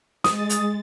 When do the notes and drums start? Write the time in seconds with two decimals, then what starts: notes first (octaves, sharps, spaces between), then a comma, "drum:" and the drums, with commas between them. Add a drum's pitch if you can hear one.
0.24 G#3 D#6 A6, drum: snare
0.49 drum: hi-hat